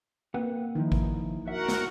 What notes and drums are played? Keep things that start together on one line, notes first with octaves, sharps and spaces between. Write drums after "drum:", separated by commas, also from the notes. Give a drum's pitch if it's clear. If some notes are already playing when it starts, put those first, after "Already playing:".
A#3 C4 B4 F#5
D#3 F3 D#4 E4
drum: kick G#1
F#4 A#4 E5 F#5
drum: snare